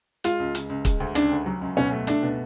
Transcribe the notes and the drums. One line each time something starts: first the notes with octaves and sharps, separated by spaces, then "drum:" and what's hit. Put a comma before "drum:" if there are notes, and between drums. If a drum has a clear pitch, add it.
G#3 F4, drum: hi-hat
C#2
C#3, drum: hi-hat
C#2
G#3, drum: kick, hi-hat
D2
C#3 D4, drum: hi-hat
D2
F#3
C#2
B2 C#4
A3
A3 D4, drum: hi-hat
B2